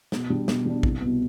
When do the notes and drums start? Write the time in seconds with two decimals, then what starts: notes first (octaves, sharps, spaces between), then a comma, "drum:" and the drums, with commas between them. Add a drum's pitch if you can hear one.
0.12 B2, drum: snare
0.30 G3 D4
0.48 B2, drum: snare
0.66 G3 D4
0.83 C2, drum: kick A1
1.01 B2 B3